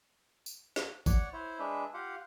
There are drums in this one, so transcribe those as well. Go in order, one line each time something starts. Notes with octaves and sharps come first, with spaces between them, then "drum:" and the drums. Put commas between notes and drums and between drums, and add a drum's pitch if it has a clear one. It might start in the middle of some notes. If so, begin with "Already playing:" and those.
drum: tambourine
drum: snare
C#5 D5 F#5 C#6, drum: kick, tambourine
E4 C5 C#5
G#3 D4 B4 E5
F4 G4 F5 F#5